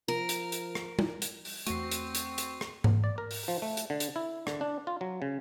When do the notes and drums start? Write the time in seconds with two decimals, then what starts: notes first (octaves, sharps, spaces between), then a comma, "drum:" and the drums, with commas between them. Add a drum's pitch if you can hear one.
0.08 F3 A#4
0.29 drum: hi-hat
0.52 drum: hi-hat
0.75 drum: rim click
0.99 drum: tom G3
1.22 drum: hi-hat
1.45 drum: open hi-hat
1.67 E2 A3 C4 F#4 C#6 C7, drum: hi-hat
1.91 drum: hi-hat
2.15 drum: hi-hat
2.38 drum: hi-hat
2.61 drum: rim click
2.84 drum: tom G#2
3.04 D5
3.18 A#4
3.31 drum: open hi-hat
3.48 F3
3.62 A3
3.77 drum: hi-hat
3.90 D3
4.00 drum: hi-hat
4.16 E4
4.47 D3, drum: rim click
4.61 D4
4.87 F4
5.01 F#3
5.22 C#3